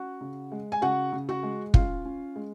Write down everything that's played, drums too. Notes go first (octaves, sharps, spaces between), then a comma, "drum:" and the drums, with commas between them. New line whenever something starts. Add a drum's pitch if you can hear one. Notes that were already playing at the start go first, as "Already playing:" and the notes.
Already playing: C#4 F#4 F#5
C#3
G#3
G#5
C#3 F#4 F#5
C#3
F#4 F#5
G#3
C#4 F4 F5, drum: kick
C#4
G#3